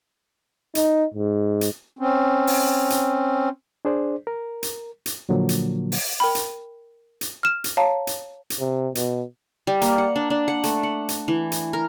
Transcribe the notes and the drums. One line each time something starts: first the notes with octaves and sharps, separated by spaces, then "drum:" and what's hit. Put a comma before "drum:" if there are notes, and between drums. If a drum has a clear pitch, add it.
D#4, drum: hi-hat
G#2
drum: hi-hat
C4 C#4
drum: open hi-hat
drum: hi-hat
D4 G#4 C5 D5
A#4
drum: hi-hat
drum: hi-hat
A#2 D3 F3 F#3 A#3
drum: hi-hat
drum: open hi-hat
A#4 G5 B5
drum: hi-hat
drum: hi-hat
F6 E7
drum: hi-hat
C#5 F5 A5 A#5
drum: hi-hat
drum: hi-hat
C3
B2, drum: hi-hat
G3
A#3, drum: hi-hat
F#5
D4
D4
F#5
A3, drum: hi-hat
F#5
drum: hi-hat
E3
drum: hi-hat
A#4